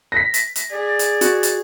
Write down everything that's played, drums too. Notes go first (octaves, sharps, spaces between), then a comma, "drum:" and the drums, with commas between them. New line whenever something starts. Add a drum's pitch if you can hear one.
A#6 B6
drum: hi-hat
drum: hi-hat
G#4 D5
drum: hi-hat
F#4, drum: hi-hat
drum: hi-hat